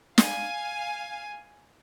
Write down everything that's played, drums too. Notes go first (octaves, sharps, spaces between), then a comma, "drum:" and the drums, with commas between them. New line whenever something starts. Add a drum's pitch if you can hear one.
F5 G#5, drum: snare